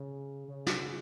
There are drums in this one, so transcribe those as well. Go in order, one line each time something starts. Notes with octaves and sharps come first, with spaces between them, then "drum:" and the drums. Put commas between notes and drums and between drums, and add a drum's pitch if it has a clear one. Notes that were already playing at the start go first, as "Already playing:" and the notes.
Already playing: C#3
C#3
drum: snare